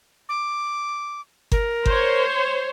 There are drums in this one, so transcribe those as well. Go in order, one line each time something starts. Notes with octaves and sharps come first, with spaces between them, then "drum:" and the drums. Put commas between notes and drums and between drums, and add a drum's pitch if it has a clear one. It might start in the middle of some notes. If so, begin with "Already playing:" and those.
D6
A#4, drum: kick G1
C5 C#5, drum: kick G1